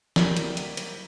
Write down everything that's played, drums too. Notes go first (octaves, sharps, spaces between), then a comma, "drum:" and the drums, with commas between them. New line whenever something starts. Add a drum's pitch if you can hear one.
F#3 G3 A#3 E4 F#4 G4, drum: snare
drum: hi-hat
drum: hi-hat
drum: hi-hat